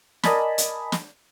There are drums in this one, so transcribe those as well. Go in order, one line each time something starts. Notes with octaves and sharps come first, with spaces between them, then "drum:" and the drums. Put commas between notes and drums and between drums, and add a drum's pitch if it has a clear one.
A#4 D5 D#5 G#5 A5 B5, drum: snare
drum: hi-hat
drum: snare